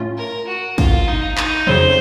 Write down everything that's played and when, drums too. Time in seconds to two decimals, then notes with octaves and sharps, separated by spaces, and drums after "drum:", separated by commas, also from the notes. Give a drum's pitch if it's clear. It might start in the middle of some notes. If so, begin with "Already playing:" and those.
Already playing: A2 A3 C#4 F4
0.18 A#4
0.48 F#4
0.78 F4, drum: kick, cymbal
1.08 D#4
1.38 D#4, drum: clap
1.67 F2 C#3 F#3 C5